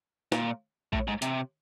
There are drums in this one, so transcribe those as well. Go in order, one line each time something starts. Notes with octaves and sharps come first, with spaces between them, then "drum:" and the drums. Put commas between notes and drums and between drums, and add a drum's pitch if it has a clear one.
A#2, drum: snare
A2, drum: kick A#1
G#2
C3, drum: hi-hat